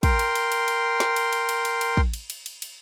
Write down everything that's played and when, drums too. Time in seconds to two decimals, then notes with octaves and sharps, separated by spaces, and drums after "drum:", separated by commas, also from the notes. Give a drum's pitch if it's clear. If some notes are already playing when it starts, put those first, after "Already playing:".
0.03 A#4 G5 C6, drum: kick, cymbal
0.19 drum: cymbal
0.35 drum: cymbal
0.52 drum: cymbal
0.68 drum: cymbal
1.00 drum: snare
1.16 drum: cymbal
1.33 drum: cymbal
1.49 drum: cymbal
1.65 drum: cymbal
1.81 drum: cymbal
1.97 drum: kick
2.14 drum: cymbal
2.30 drum: cymbal
2.46 drum: cymbal
2.62 drum: cymbal